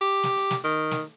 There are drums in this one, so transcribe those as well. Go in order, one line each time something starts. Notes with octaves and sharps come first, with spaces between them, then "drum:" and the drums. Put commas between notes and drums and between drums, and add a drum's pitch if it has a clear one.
G4
drum: snare
drum: hi-hat
drum: snare
D#3, drum: hi-hat
drum: snare